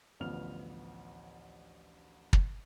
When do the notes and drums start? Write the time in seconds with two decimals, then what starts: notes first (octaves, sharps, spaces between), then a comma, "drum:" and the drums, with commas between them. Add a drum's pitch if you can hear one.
0.20 A1 D2 F3 B3 F6 F7
2.33 drum: kick